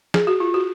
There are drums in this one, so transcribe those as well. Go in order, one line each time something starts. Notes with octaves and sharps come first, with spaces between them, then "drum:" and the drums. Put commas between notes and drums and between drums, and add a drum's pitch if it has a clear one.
G#4, drum: snare
F#4
F4
F#4